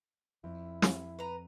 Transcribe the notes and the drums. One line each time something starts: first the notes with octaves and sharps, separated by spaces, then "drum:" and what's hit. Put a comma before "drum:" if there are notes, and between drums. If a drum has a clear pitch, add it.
F2 E4
drum: snare
B4 A#5